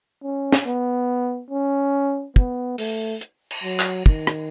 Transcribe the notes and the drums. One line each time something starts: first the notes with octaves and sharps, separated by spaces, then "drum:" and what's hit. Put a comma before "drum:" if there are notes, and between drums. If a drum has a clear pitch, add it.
C#4
drum: snare
B3
C#4
B3, drum: kick
A3, drum: open hi-hat
drum: hi-hat
drum: cymbal
F#3
drum: clap
D#3, drum: kick
drum: rim click